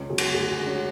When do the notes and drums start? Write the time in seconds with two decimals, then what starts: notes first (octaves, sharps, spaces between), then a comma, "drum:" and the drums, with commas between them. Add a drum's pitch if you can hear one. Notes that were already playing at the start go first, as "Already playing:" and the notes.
Already playing: C#2 C#4
0.10 B2 F#3 G#4
0.18 F#4, drum: cymbal
0.34 D2 G#4
0.50 F#4
0.59 D3 G#3
0.67 C#4